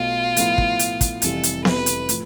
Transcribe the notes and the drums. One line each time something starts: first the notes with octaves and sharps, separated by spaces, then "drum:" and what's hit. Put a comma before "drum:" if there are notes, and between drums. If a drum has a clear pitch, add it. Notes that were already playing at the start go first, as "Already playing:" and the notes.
Already playing: B1 B2 A3 F4
A2 F3 B3 E4, drum: hi-hat
drum: kick
drum: hi-hat
drum: kick, hi-hat
F1 F2 E3 G3 A4, drum: hi-hat
drum: hi-hat
B4, drum: snare B3
drum: hi-hat
A2 F3, drum: hi-hat